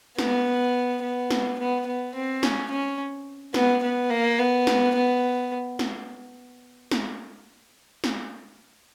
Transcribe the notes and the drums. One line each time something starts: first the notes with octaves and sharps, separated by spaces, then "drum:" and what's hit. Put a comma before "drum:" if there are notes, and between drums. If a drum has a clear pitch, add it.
B3, drum: snare
B3
drum: snare
B3
B3
C4
C#4, drum: snare
C#4
B3, drum: snare
B3
A#3
B3
drum: snare
B3
drum: snare
drum: snare
drum: snare